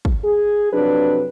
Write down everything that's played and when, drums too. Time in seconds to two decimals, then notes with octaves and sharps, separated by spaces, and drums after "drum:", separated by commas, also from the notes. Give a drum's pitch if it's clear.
0.05 drum: kick
0.25 G#4
0.73 F2 C3 F#3 D4 B4